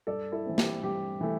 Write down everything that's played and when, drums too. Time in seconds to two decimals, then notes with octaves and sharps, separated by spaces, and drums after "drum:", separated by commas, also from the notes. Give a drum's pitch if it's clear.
0.07 G2 A4 D5
0.32 E4 A4
0.46 E3 A3 C4
0.58 G4, drum: snare
0.83 G2 G4
1.21 E3 A3